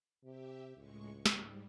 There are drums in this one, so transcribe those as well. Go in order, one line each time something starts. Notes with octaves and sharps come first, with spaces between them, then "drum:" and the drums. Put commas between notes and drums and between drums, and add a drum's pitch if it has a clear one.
C3 G4 E5
C#2 A2 G#3 C#6
G#2 G3, drum: snare